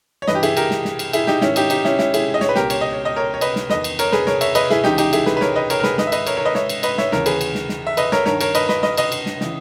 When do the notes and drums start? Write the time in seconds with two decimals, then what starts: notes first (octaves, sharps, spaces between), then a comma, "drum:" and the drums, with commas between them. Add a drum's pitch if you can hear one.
0.22 C#5
0.28 G2 E3 B4 D#5, drum: snare
0.35 G4
0.43 E4 G#4, drum: cymbal
0.57 G4 A#4, drum: cymbal
0.71 drum: snare
0.85 drum: snare
0.99 drum: cymbal
1.13 E4 G#4, drum: cymbal
1.27 D#4 G4, drum: snare
1.41 G#2 D#3 C#4 E4, drum: snare
1.56 D#4 G4, drum: cymbal
1.70 D#4 G4, drum: cymbal
1.85 C#4 E4, drum: snare
1.99 C#4 E4, drum: snare
2.14 E4 G#4, drum: cymbal
2.34 D#5
2.41 C#5, drum: snare
2.49 B4
2.55 C#2 B2 G4 A#4, drum: snare
2.70 C#5, drum: cymbal
2.81 D#5
2.93 C#5
3.05 D#5
3.16 A#4 C#5
3.34 C#5
3.41 B4 D#5, drum: cymbal
3.56 drum: snare
3.70 E2 D#3 B4 D#5, drum: snare
3.84 drum: cymbal
3.99 A#4 C#5, drum: cymbal
4.12 G#4 B4, drum: snare
4.27 A#4 C#5, drum: snare
4.41 C#5 E5, drum: cymbal
4.55 B4 D#5, drum: cymbal
4.70 E4 G#4, drum: snare
4.84 C#2 C#3 E3 D#4 G4, drum: snare
4.98 D#4 G4, drum: cymbal
5.13 E4 G#4, drum: cymbal
5.26 G#4 B4, drum: snare
5.37 B4
5.41 A#4 C#5, drum: snare
5.56 B4 D#5
5.70 A#4 C#5, drum: cymbal
5.80 A#4
5.84 G#4 B4, drum: snare
5.98 G#2 D#3 B4 D#5, drum: snare
6.07 E5
6.12 B4 D#5, drum: cymbal
6.27 A#4 C#5, drum: cymbal
6.37 A#4 C#5
6.45 B4 D#5
6.55 C#5 E5, drum: snare
6.69 drum: cymbal
6.83 B4 D#5, drum: cymbal
6.98 C#5 E5, drum: snare
7.12 D#2 C#3 E3 A#4 C#5, drum: snare
7.26 G#4 B4, drum: cymbal
7.41 drum: cymbal
7.55 drum: snare
7.69 drum: snare
7.87 E5
7.97 B4 D#5, drum: cymbal
8.12 A#4 C#5, drum: snare
8.26 G2 D#3 A#4 C#5, drum: snare
8.41 A#4 C#5, drum: cymbal
8.55 B4 D#5, drum: cymbal
8.69 B4 D#5, drum: snare
8.83 B4 D#5, drum: snare
8.97 B4 D#5, drum: cymbal
9.12 drum: cymbal
9.26 drum: snare
9.41 C#3 E3, drum: snare